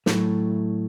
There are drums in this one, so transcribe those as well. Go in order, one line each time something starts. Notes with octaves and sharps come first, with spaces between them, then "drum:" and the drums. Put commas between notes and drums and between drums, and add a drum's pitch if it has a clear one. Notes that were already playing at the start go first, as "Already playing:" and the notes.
A2 F#3 A3, drum: snare